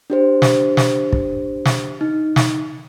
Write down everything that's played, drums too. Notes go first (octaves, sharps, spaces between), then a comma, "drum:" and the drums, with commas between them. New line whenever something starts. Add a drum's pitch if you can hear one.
D4 G4 C5
drum: snare
drum: snare
drum: kick
drum: snare
D#4
drum: snare